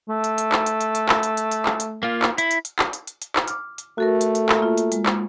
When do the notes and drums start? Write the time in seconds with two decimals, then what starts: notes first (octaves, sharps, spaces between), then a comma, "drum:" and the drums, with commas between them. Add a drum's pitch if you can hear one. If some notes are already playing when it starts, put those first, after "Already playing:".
0.09 A3
0.24 drum: hi-hat
0.38 drum: hi-hat
0.52 drum: clap
0.66 drum: hi-hat
0.81 drum: hi-hat
0.95 drum: hi-hat
1.09 drum: clap
1.23 drum: hi-hat
1.37 drum: hi-hat
1.51 drum: hi-hat
1.66 drum: clap
1.80 drum: hi-hat
2.03 A#3 F4
2.22 drum: clap
2.38 E4, drum: hi-hat
2.51 drum: hi-hat
2.65 drum: hi-hat
2.79 drum: clap
2.93 drum: hi-hat
3.07 drum: hi-hat
3.22 drum: hi-hat
3.36 drum: clap
3.48 D6 F6, drum: hi-hat
3.78 drum: hi-hat
3.98 A3 F#4 A4 A#4
4.21 drum: hi-hat
4.35 drum: hi-hat
4.49 drum: clap
4.58 A#3 F4
4.78 drum: hi-hat
4.92 G#3, drum: hi-hat
5.06 drum: clap